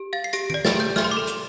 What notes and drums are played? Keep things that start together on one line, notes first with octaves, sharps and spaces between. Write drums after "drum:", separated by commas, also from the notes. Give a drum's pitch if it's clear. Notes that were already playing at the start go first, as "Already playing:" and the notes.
Already playing: G4
F5 A6
C7
G4 A#6, drum: hi-hat
D7, drum: tom D#3
D5
A6, drum: snare
G4 G6
E5 F6, drum: snare
C6
D6
A4
drum: hi-hat